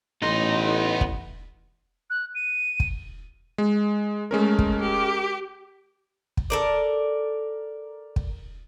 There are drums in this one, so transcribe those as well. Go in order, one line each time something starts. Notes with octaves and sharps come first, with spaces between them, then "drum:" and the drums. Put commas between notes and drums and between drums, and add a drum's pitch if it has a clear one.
A1 B3 D#4 C6
drum: kick
F#6
D#7
drum: kick
G#3
G#3 A3 C#4 A#4
drum: kick
G4
drum: kick
A4 A#4 D5
drum: kick